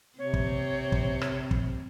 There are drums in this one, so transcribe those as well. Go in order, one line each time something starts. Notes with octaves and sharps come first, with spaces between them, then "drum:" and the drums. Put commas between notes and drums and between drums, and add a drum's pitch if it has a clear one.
C3 C4 C#5
drum: kick
drum: kick
drum: rim click
drum: kick